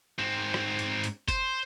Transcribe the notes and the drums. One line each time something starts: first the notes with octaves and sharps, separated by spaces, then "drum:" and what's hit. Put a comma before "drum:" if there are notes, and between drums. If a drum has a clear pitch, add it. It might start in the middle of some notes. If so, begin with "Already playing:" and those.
G#2 C4
drum: rim click
drum: hi-hat
drum: hi-hat
C5, drum: kick F#1, hi-hat